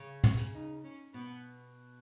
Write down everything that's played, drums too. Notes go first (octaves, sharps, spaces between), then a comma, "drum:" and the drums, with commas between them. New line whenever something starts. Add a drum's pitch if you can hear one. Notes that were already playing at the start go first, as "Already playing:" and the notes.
Already playing: C#3
C#4, drum: tom
drum: hi-hat
D#4
C#4
B2 B3